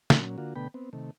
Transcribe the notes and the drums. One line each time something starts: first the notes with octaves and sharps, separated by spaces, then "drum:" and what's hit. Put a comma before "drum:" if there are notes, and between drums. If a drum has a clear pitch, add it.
A#2 F#3 C#4, drum: snare
D3 A#3 F4 F#4
B2 D3 A3 B3 G5 B5
B3 C4
C3 D#3 A3